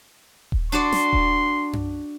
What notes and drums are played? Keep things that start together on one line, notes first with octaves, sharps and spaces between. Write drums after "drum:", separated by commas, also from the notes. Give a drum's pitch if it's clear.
drum: kick D#1
D4 F#4 D5 C6
drum: snare
drum: kick D#1
drum: tom F#2